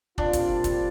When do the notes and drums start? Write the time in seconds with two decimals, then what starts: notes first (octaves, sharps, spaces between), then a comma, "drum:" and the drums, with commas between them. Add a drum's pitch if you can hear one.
0.18 A#2 G3 C4 D4 F4, drum: kick
0.33 drum: kick, hi-hat
0.64 drum: kick, hi-hat